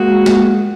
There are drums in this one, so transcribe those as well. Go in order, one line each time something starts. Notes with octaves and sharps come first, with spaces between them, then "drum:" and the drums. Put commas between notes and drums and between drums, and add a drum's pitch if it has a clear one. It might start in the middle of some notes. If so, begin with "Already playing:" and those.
Already playing: G#3 A#3 F#4
drum: snare